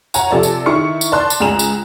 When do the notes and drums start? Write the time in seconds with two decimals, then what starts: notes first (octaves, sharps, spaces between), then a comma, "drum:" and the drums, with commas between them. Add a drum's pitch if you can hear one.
0.14 C#5 F#5 G#5 A#5, drum: tambourine
0.31 C3 F3 A4 D5 A5
0.43 drum: tambourine
0.66 D#3 E4 C#6 C#7
1.01 drum: tambourine
1.12 D5 A5 C6 F#6
1.30 drum: tambourine
1.40 C#2 G#4 A#5 E7 F#7
1.59 drum: tambourine